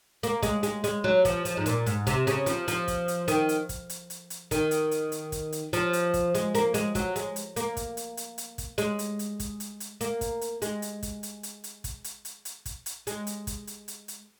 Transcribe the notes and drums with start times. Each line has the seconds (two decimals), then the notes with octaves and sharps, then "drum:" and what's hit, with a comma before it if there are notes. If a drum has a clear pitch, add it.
0.23 A#3, drum: hi-hat
0.43 G#3, drum: kick, hi-hat
0.63 G#3, drum: hi-hat
0.84 G#3, drum: hi-hat
1.04 F#3
1.25 F3, drum: kick, hi-hat
1.45 F3, drum: hi-hat
1.57 G#2
1.66 A#2, drum: hi-hat
1.86 G#2, drum: hi-hat
2.07 C3, drum: kick, hi-hat
2.27 C#3, drum: hi-hat
2.46 F3, drum: hi-hat
2.68 F3, drum: hi-hat
2.88 drum: kick, hi-hat
3.08 drum: hi-hat
3.28 D#3, drum: hi-hat
3.49 drum: hi-hat
3.69 drum: kick, hi-hat
3.90 drum: hi-hat
4.10 drum: hi-hat
4.30 drum: hi-hat
4.51 D#3, drum: kick, hi-hat
4.71 drum: hi-hat
4.91 drum: hi-hat
5.12 drum: hi-hat
5.32 drum: kick, hi-hat
5.52 drum: hi-hat
5.73 F3, drum: hi-hat
5.93 drum: hi-hat
6.14 drum: kick, hi-hat
6.35 G#3, drum: hi-hat
6.55 A#3, drum: hi-hat
6.74 G#3, drum: hi-hat
6.95 F#3, drum: kick, hi-hat
7.16 G#3, drum: hi-hat
7.36 drum: hi-hat
7.56 A#3, drum: hi-hat
7.77 drum: kick, hi-hat
7.97 drum: hi-hat
8.17 drum: hi-hat
8.38 drum: hi-hat
8.58 drum: kick, hi-hat
8.78 G#3, drum: hi-hat
8.99 drum: hi-hat
9.19 drum: hi-hat
9.40 drum: kick, hi-hat
9.60 drum: hi-hat
9.80 drum: hi-hat
10.01 A#3, drum: hi-hat
10.21 drum: kick, hi-hat
10.41 drum: hi-hat
10.62 G#3, drum: hi-hat
10.82 drum: hi-hat
11.03 drum: kick, hi-hat
11.23 drum: hi-hat
11.43 drum: hi-hat
11.64 drum: hi-hat
11.84 drum: kick, hi-hat
12.04 drum: hi-hat
12.25 drum: hi-hat
12.45 drum: hi-hat
12.66 drum: kick, hi-hat
12.86 drum: hi-hat
13.07 G#3, drum: hi-hat
13.27 drum: hi-hat
13.47 drum: kick, hi-hat
13.67 drum: hi-hat
13.88 drum: hi-hat
14.08 drum: hi-hat